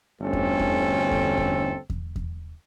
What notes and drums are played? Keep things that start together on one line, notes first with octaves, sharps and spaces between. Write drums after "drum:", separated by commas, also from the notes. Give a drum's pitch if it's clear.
G1 D2 E3 C4 C#4 A4
drum: kick E2
drum: kick E2
drum: kick E2
drum: kick E2
drum: kick E2
drum: kick E2